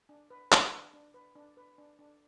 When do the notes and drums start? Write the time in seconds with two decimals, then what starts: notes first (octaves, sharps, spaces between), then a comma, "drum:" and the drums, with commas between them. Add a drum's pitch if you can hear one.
0.09 D4
0.30 B4
0.52 B4, drum: clap
0.73 D4
0.93 D4
1.14 B4
1.36 D4
1.57 B4
1.78 D4
1.99 D4